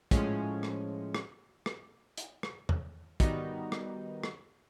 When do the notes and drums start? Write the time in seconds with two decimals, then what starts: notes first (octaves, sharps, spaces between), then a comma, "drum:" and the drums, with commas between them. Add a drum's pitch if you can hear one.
0.11 A2 F3 G#3 C#4, drum: kick, hi-hat
0.63 drum: rim click
1.15 drum: rim click
1.66 drum: rim click
2.18 drum: hi-hat
2.43 drum: rim click
2.69 drum: tom E2
3.20 D#3 G3 B3 D#4 F#4, drum: kick, hi-hat
3.72 drum: rim click
4.23 drum: rim click